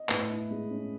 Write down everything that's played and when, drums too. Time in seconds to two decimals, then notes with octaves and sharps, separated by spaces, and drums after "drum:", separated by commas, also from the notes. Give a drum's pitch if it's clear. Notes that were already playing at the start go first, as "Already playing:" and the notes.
Already playing: D#5
0.09 A2 B4, drum: clap
0.30 E4
0.51 G#3
0.70 C#4